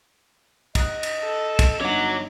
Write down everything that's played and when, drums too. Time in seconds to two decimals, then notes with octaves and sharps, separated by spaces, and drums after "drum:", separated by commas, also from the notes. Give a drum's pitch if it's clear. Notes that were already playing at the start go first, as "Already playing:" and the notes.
0.75 D#5 A#5 D#6 F#6, drum: kick, cymbal
1.03 drum: cymbal
1.24 A4
1.59 drum: kick, cymbal
1.81 G1 D#4 C#5 F#5 D6